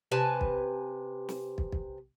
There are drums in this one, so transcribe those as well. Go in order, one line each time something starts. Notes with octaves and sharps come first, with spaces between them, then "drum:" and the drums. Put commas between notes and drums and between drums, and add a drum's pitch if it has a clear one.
C3 B4 G#5 A5
drum: kick
drum: snare
drum: kick
drum: kick